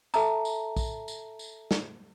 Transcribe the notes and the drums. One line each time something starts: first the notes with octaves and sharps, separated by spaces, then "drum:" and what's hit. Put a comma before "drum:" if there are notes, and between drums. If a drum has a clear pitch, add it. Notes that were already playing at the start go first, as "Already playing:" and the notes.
A4 E5 A5 A#5, drum: tambourine
drum: tambourine
drum: kick A#1, tambourine
drum: tambourine
drum: tambourine
drum: snare